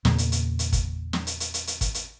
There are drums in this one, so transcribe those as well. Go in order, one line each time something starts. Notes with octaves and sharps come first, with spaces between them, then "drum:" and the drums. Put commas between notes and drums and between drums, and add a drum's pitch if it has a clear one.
E2 A#2 C#3 A#3, drum: snare
drum: hi-hat
drum: hi-hat
drum: hi-hat
drum: kick, hi-hat
drum: snare
drum: hi-hat
drum: hi-hat
drum: hi-hat
drum: hi-hat
drum: kick, hi-hat
drum: hi-hat